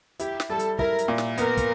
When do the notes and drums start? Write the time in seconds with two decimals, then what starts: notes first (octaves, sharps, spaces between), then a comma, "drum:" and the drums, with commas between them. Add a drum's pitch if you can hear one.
0.19 E4 G4, drum: hi-hat
0.40 drum: snare
0.49 G3 A4
0.59 drum: hi-hat
0.79 E4 A#4, drum: kick
0.99 drum: hi-hat
1.08 A#2
1.18 drum: snare
1.38 B3 A#4, drum: hi-hat
1.57 drum: kick, hi-hat